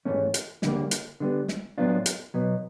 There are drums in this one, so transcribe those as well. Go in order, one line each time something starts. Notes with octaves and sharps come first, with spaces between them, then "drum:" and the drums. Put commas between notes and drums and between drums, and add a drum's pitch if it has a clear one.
G#2 E3 A3 C#4
drum: hi-hat
D2 D3 G3 A#3, drum: snare
drum: hi-hat
D3 G3 B3
drum: snare
A2 F#3 B3 D4 F4
drum: hi-hat
B2 F#3 B3